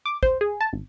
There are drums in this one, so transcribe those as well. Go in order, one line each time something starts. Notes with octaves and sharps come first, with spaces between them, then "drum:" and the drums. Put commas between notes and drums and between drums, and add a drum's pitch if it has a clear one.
D6
C5, drum: kick
G#4
A5
G#1